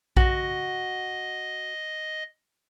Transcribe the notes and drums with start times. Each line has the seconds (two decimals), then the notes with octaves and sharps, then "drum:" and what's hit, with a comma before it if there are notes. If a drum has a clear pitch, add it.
0.17 F#4 D#5, drum: kick A#1